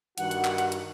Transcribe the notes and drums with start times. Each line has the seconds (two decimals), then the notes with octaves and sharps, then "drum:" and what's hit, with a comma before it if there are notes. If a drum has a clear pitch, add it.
0.18 G2 D#3 F#4 F#5, drum: hi-hat
0.31 drum: hi-hat
0.45 drum: clap
0.58 drum: hi-hat
0.72 drum: hi-hat